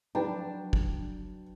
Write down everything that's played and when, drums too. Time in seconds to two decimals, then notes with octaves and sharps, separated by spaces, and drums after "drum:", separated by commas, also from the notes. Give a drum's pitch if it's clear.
0.15 F#3 D4 B4 G5 A5
0.73 drum: kick